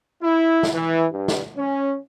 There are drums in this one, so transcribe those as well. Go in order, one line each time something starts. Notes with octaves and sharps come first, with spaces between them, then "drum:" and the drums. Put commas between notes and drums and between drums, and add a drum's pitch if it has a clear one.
E4
drum: snare
E3
G2
drum: snare
C#4